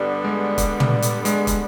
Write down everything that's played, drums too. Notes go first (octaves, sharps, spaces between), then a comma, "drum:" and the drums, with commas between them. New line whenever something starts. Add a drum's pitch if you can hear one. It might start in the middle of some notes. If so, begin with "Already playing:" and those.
Already playing: G2 D3 G3 B3 D4
G#3
drum: kick, hi-hat
drum: tom
drum: hi-hat
G#3, drum: hi-hat
drum: kick, hi-hat